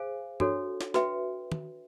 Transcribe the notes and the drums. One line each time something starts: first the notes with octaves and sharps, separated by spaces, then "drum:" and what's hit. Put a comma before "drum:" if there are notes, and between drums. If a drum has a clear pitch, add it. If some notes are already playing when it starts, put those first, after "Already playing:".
Already playing: G#4 C5 F5 G#5
D4 F#4 A4 C#5, drum: tom
drum: snare
F#4 B4 E5 G5, drum: snare
drum: tom